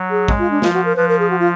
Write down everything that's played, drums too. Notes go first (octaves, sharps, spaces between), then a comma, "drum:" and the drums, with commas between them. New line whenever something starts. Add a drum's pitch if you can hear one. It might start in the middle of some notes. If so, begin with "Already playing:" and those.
Already playing: F#3
G#4
G#3, drum: kick
F4
D4
F3 F4, drum: snare
F#4
A#4
F3 B4
A#4
G#4
F#4
F4